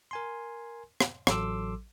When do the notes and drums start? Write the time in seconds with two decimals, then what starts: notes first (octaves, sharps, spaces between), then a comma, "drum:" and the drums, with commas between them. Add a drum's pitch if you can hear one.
0.11 A#4 G#5 C6
1.00 drum: rim click
1.27 A1 F#3 A4 C6 D6 E6, drum: rim click